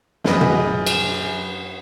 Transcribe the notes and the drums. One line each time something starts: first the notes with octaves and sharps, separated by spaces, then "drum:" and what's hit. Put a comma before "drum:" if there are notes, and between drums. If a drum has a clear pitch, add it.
F#2 G#4 B4 D#5, drum: snare
drum: tom
drum: cymbal